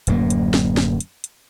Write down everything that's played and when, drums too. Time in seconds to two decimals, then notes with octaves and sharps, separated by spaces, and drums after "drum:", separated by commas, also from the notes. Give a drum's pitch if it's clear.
0.07 D1 F#2 A#3, drum: hi-hat
0.30 drum: hi-hat
0.54 drum: snare
0.77 drum: snare
1.01 drum: hi-hat
1.24 drum: hi-hat